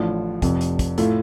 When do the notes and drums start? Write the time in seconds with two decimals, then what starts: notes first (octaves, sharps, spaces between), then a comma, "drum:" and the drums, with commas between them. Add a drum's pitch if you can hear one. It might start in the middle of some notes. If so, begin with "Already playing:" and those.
Already playing: A1 A2 F3 D4
0.42 F1 F2 C3, drum: kick, hi-hat
0.61 drum: hi-hat
0.79 drum: kick, hi-hat
0.98 A2 A3 F4, drum: hi-hat